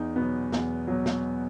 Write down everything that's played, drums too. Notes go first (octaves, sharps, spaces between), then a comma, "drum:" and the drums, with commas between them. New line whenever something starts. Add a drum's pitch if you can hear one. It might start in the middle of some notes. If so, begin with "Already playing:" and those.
Already playing: E2 D#4
B2 F#3 B3
E2, drum: snare
B2 F#3
drum: snare